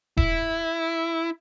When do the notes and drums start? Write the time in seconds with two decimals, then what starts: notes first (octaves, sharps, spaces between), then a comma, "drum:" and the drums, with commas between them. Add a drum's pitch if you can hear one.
0.17 E4, drum: kick D#1